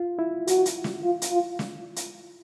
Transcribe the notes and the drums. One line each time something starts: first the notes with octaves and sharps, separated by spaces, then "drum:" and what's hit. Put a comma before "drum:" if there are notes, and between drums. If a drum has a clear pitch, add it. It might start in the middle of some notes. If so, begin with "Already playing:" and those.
Already playing: F4
E4
F#4, drum: hi-hat
drum: hi-hat
drum: snare
F4
drum: hi-hat
F4
drum: snare
drum: hi-hat